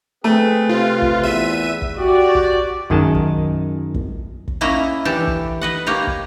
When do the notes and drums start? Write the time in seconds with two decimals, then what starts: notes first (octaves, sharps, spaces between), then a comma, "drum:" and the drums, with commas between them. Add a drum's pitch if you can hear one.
0.24 A3 C4 G#4 B4
0.69 C3 F4 B4
1.02 drum: kick
1.23 E2 E5 D#7
1.82 drum: kick
1.99 F#4 G4 D5
2.35 drum: kick
2.90 F#2 D#3 G#3 D#5 A5, drum: kick
3.15 drum: kick
3.94 drum: kick
4.48 drum: kick
4.61 A#3 C#4 E4 D#5 A#5
5.05 E3 D4 G4 A4
5.27 drum: kick
5.61 B4 D#5 F#5
5.87 A#3 G4 C#5 A#5
6.07 drum: kick